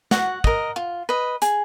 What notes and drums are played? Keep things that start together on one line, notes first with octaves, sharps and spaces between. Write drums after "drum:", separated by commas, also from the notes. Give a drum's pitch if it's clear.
F#4 F#5, drum: snare
A#4 D#5, drum: kick
F4
B4 D#5
G#4, drum: hi-hat